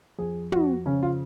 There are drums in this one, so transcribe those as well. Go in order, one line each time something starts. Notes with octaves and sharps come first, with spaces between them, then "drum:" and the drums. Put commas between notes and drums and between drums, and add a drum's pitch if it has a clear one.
F2 G#4
F2 F#4, drum: tom
C#3 C#4
F4